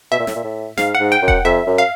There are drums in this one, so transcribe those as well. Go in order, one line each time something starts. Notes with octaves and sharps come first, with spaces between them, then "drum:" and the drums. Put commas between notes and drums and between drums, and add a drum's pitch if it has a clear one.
B2 E5
A#2
A2, drum: snare
A#2
A2
G#2 F5, drum: snare
F#5
G#2
G5
F#2
F#5, drum: kick E1
F2 E5
F#2
F5